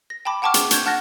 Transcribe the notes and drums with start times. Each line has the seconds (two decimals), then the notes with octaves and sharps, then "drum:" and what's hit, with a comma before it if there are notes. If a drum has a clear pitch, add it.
0.10 A#6
0.25 G5 A5 B5 D6
0.42 F#5 G5 A5 C#6 D6 F6
0.54 G#4, drum: hi-hat
0.71 C#6 G6 G#6, drum: hi-hat
0.86 F#5 A5 F6 F#6 A6 A#6